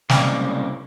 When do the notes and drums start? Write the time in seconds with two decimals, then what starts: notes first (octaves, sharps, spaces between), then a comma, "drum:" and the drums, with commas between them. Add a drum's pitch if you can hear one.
0.09 C2 C#3 G#3 A#3 D5, drum: snare